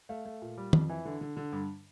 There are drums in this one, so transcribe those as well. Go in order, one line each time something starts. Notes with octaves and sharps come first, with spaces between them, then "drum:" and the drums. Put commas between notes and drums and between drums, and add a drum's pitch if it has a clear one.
A3 F5
A3
A#2
G3
F2, drum: tom
E3
D3
D3
D3
G2